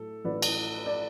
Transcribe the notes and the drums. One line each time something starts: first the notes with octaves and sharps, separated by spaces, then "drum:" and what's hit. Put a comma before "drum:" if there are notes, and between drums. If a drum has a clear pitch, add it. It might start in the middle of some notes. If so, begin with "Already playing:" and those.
Already playing: A2 F#3 A4
A1 A2 F#3 B4 D5
drum: cymbal
D5